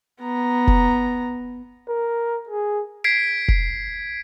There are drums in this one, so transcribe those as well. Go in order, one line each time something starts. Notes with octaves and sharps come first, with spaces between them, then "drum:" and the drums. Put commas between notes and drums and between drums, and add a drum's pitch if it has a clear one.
B3 A#5
drum: kick F1
A#4
G#4
G#6 B6 C7 D7
drum: kick F1